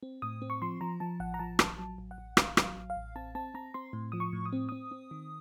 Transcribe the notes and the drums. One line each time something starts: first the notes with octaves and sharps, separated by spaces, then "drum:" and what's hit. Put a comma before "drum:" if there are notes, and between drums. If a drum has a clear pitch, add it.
C4
A2 D#6
C4
C#6
F3 C6
F3 A#5
F3 A5
A1 F#5
A#5
F3 A5
A1 A5, drum: rim click
F#3
A1
F#5
A1
A1 F5, drum: rim click
F#3, drum: rim click
F5
A1
F5
A1
C4 A5
C4 A5
C4 A#5
C4 C6
A2
F3 D#6
C#6
A2
D#6
C4
C4 D#6
C4
D#3